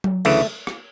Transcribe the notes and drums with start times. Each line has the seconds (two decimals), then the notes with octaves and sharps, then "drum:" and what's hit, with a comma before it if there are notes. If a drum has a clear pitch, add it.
0.04 drum: tom F#3
0.25 D2 C#3 E3 A3, drum: cymbal
0.67 drum: rim click